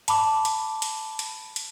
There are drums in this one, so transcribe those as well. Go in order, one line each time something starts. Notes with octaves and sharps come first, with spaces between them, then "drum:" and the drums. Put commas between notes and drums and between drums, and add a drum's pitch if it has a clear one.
A5 B5 D6, drum: hi-hat
drum: hi-hat
drum: hi-hat
drum: hi-hat
drum: hi-hat